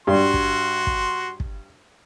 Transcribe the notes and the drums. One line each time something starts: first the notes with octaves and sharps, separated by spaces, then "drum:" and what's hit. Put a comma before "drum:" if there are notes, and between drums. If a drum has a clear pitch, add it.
G2 F#4 C6
drum: kick
drum: kick
drum: kick